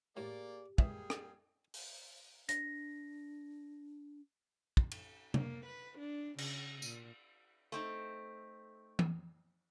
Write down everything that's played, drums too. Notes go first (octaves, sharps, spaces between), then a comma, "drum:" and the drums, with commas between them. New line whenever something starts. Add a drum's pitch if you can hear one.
A2 A#3 G4 G#4 D5
C#2 E3 G3 A#3 G#4 E5, drum: kick
drum: rim click
drum: open hi-hat
D4 A#6, drum: hi-hat
drum: kick
drum: cymbal
A#3, drum: tom
B4
D4
C#3, drum: cymbal
A#2, drum: tambourine
A3 C4 D#4
drum: tom